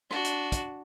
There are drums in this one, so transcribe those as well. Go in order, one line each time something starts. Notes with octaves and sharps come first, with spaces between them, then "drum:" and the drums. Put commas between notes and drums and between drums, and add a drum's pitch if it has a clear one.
D4 F#4, drum: rim click
drum: hi-hat
drum: kick, hi-hat